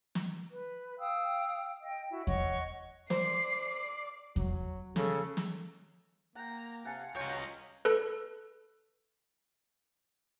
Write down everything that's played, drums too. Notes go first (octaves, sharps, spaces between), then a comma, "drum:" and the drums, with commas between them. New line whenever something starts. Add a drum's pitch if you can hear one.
drum: snare
B4
F5 G5 D#6 E6
D#5 G5
E4 F#4
C#5 D#5 F#5 C#6, drum: kick E2
C5 D5 C7, drum: snare
F#3, drum: kick E2
C#3 A4, drum: snare
drum: snare
A#3 F#5 G5 A#5
C3 F5 F#5 G#5 A5 C#7
C#2 F#4 C#5 D#5 F5 G5 A#5 C6
A4 B4